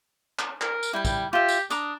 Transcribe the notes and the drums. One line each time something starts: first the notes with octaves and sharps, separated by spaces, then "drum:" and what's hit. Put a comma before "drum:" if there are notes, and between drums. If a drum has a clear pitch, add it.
drum: clap
A#4, drum: clap
drum: tambourine
G3 E4 G5
drum: kick, tambourine
F4 G4 E5
drum: tambourine
D4 A#5 D6 D#6, drum: tambourine